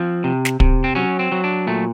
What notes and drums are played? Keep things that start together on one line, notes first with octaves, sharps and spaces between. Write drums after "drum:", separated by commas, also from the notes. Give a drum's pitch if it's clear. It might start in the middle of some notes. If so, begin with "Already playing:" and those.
Already playing: F3 C4
C3
drum: snare
C3, drum: kick
C4
F#3 C#4
C4
F#3
D4
A#2 A3